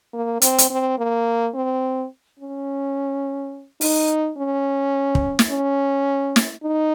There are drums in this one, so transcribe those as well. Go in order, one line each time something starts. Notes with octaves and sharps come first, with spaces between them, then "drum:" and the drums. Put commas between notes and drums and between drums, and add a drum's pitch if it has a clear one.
A#3
C4, drum: hi-hat
drum: hi-hat
C4
A#3
C4
C#4
D#4, drum: open hi-hat
C#4
drum: kick
drum: snare
C#4
drum: snare
D#4